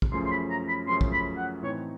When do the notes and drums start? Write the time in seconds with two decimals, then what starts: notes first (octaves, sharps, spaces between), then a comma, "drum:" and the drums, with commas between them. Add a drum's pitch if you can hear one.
0.02 drum: kick
0.12 F#2 C#3 F3 A3 C#4 C6
0.25 C6
0.31 B5
0.50 A#5
0.68 B5
0.87 F#2 C#3 F3 A3 C#4 C6
1.01 drum: kick
1.12 B5
1.37 F#5
1.62 A2 E3 A3 C4 D#4 C#5